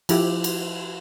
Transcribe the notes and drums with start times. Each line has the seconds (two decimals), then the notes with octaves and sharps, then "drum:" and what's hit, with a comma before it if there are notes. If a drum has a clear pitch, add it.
0.09 F3 E4 G4, drum: cymbal
0.44 drum: cymbal